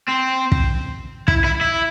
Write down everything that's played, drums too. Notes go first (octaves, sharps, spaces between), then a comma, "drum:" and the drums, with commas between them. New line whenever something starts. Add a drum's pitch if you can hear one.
C4
drum: kick
E4, drum: kick
E4
E4